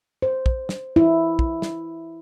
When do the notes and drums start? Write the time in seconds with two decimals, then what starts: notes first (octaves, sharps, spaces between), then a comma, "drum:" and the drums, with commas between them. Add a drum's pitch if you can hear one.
0.22 C5
0.46 drum: kick
0.69 drum: snare
0.96 E4
1.39 drum: kick
1.62 drum: snare